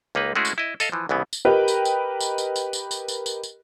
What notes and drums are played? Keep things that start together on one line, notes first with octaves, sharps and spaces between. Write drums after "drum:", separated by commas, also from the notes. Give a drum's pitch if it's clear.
C#2 A#3 D#4 B4
G#3 A3 C#4 E4 F#4 G#4
drum: tambourine
E4 D#5
A4 D#5 F5, drum: tambourine
E3 F3
C2 C#3 E3 B3
drum: tambourine
G4 A#4 B4 D#5 G5
drum: tambourine
drum: tambourine
drum: tambourine
drum: tambourine
drum: tambourine
drum: tambourine
drum: tambourine
drum: tambourine
drum: tambourine
drum: tambourine